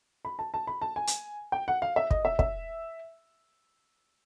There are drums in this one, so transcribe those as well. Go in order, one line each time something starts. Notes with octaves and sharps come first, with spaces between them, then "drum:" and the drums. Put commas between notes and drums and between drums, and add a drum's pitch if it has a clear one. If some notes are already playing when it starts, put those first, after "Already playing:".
B5
A5
A5
B5
A5
G#5
drum: hi-hat
G5
F#5
F5
E5
D#5, drum: kick
E5
E5, drum: kick